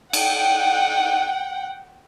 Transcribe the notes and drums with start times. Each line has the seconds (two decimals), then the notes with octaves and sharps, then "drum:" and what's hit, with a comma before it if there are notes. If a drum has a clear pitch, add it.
0.13 F#5 G5, drum: cymbal